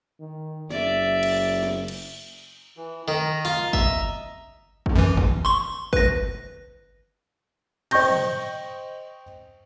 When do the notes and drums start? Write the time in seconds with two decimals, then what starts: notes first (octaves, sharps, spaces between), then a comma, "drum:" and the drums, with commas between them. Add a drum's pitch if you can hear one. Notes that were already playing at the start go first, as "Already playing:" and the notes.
0.20 D#3
0.70 F#1 D5 E5, drum: snare
1.23 drum: cymbal
1.63 drum: snare
1.88 drum: cymbal
2.77 E3
3.08 D#3 D#5 A#5
3.45 F4
3.73 E5, drum: kick
4.86 drum: kick
4.95 F#2 E3
5.17 drum: kick
5.45 C6 C#6
5.93 B4 A#6, drum: kick
7.91 C5 D#5 G5 C#6 G6 A#6, drum: cymbal
8.11 drum: tom